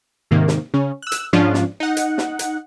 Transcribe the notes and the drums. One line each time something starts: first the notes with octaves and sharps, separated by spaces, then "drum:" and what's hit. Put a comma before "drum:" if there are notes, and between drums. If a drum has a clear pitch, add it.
G#2 C3 D#3 A#3
drum: snare
C#3 C#4
E6 F#6
drum: hi-hat
G#2 F3 C#4 D4 F4
drum: snare
D#4 F#5
drum: hi-hat
drum: snare
drum: hi-hat